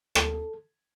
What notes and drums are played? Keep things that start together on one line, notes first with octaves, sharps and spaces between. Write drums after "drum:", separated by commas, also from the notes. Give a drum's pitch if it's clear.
A4, drum: rim click